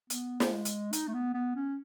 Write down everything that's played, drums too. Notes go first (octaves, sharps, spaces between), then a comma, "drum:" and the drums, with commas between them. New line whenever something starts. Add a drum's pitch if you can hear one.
B3, drum: hi-hat
A3, drum: snare
G#3
drum: hi-hat
D#4, drum: hi-hat
A3
B3
B3
C#4